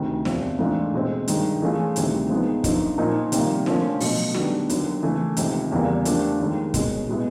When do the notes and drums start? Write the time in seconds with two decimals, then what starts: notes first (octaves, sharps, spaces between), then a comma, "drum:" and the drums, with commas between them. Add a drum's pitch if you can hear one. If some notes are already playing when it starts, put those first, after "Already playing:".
Already playing: D2 C3 D#3
0.25 E2 C3 F3, drum: snare
0.59 G#2 E3 A3 D4 F4
0.93 B2 G#3 C4
1.28 G2 D#3 G#3, drum: hi-hat
1.62 E3 A3 C#4 F4 G#4
1.96 D2 C3 D#3 G3, drum: hi-hat
2.29 F3 G#3 B3 D#4
2.64 F#2 D3 F3 A#3 D#4, drum: kick, hi-hat
2.98 A#2 F3 A#3 D#4
3.32 C3 D#3 G3 A#3, drum: hi-hat
3.66 D3 F3 A3 C#4, drum: snare
4.00 B2 F#3 A3, drum: open hi-hat
4.34 D#3 G3 B3 D4 F#4, drum: snare
4.69 D#2 D3 F#3, drum: hi-hat
5.02 C#3 E3 A3
5.37 C#2 C3 D#3, drum: hi-hat
5.71 E2 C#3 E3 G3 A#3
6.05 F3 A3 D4 G4, drum: hi-hat
6.40 D#2 D#3 G#3
6.74 B2 G#3 C#4, drum: kick, hi-hat
7.09 B2 G#3 B3 E4